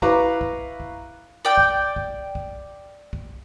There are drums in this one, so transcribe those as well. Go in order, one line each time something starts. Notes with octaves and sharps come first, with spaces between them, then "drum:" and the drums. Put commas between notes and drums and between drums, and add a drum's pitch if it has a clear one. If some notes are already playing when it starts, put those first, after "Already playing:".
E4 B4 F5 A#5 C#6 D6, drum: kick
drum: kick
drum: kick
D5 G5
drum: kick
drum: kick
drum: kick
drum: kick